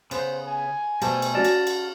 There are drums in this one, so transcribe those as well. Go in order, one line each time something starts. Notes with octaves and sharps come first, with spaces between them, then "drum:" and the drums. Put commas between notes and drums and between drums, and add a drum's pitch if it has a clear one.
C#3 B3 C5, drum: cymbal
G#5
B2 G3 A3 C5 A5, drum: cymbal
drum: cymbal
C#4 F#4 D5 F5 A5
drum: cymbal
drum: cymbal